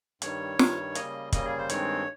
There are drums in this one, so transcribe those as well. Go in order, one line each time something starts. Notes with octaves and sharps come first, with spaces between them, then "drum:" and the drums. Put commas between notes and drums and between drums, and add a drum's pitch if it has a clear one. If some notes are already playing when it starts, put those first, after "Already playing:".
G2 D#3 G3 C#5, drum: hi-hat
G2 D#3 G3, drum: snare
C#3 G3 A#3 D#5, drum: hi-hat
C#3 G3 A#3 D#5, drum: kick, hi-hat
G#4
C5
G2 D#3 G#3 C4 C#5, drum: hi-hat